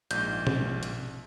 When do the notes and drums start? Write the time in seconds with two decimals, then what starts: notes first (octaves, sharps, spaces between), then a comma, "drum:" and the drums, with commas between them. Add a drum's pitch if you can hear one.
0.11 A#1 G#2 G6, drum: hi-hat
0.47 drum: tom B2
0.83 drum: hi-hat